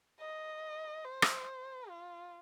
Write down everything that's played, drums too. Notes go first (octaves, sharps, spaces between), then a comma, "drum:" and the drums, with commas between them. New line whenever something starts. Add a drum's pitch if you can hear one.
D#5
C5
drum: rim click
F4